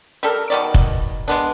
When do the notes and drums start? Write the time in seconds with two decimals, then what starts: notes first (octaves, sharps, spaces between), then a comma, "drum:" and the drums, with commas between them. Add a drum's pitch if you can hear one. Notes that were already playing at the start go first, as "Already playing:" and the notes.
0.23 G3 A4 A#4
0.50 B2 D#3 D5
0.74 drum: kick
1.28 G#3 B3 D4